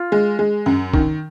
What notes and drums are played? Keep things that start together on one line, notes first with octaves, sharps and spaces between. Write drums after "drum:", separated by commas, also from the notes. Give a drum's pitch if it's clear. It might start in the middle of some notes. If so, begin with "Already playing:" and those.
Already playing: F4
G#3
G#3
F#2
D#3, drum: kick